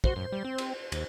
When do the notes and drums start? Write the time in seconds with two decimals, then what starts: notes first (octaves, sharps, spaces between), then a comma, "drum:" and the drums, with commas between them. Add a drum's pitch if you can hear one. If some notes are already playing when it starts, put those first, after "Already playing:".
0.04 F#4 C5, drum: kick
0.16 F#2
0.32 G3
0.45 C4
0.58 drum: cymbal
0.92 D#2, drum: cymbal